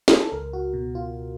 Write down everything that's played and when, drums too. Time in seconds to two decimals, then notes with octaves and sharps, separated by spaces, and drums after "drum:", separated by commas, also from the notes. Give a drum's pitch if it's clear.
0.08 G#4, drum: snare
0.20 A4
0.32 C#2 A#4
0.53 F#4
0.73 B2
0.95 F4